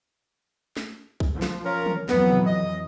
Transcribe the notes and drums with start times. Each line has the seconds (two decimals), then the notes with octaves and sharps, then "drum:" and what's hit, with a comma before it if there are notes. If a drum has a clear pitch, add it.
0.77 drum: snare
1.20 drum: kick B1
1.33 F3
1.42 drum: snare
1.64 C#4 F4 A#4
1.86 drum: tom
2.09 F2 E3 F#3 B3, drum: snare
2.30 drum: tom
2.46 D#5